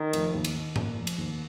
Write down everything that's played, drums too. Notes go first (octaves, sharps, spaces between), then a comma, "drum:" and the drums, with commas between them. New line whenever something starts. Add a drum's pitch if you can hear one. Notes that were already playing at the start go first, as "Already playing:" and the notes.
Already playing: D#3
F1, drum: cymbal
D#2
drum: cymbal
D#3
A#3, drum: tom A2
F1
drum: cymbal
D#2